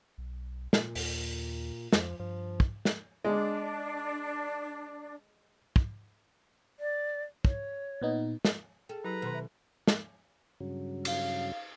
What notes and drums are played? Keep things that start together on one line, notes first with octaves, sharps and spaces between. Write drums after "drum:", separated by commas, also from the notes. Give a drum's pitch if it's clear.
B1
A#2, drum: snare
D#2, drum: open hi-hat
F2 F3, drum: snare
G2 F3
drum: kick
drum: snare
G#3 D4
drum: kick
D5
C#5, drum: kick
A#2 B3 D#4
drum: snare
G#4 A4 G5
F#3 E4 G4 B4 A#5
B2 D#3 C6
E5
drum: snare
G2 C#3 F#3
F5, drum: cymbal